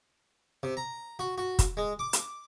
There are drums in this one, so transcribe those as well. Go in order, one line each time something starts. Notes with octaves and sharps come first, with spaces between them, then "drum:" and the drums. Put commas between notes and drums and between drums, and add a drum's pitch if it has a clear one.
C3
A#5
F#4
F#4
drum: kick, hi-hat
G#3
D6
drum: hi-hat